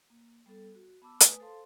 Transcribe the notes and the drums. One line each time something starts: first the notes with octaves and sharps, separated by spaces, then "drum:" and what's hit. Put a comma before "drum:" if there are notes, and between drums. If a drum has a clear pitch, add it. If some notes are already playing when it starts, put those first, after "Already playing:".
A#3
G3 B3 A4
F#4
B3 A5 B5 D6 E6
A3 B4 G#5 D#6, drum: hi-hat
A4 C5 F5 A5 C6